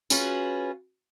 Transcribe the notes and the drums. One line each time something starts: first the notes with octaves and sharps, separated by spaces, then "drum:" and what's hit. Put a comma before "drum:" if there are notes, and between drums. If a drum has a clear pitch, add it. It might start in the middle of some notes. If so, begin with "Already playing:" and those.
C#4 F4 F#4 G#4 B4, drum: tambourine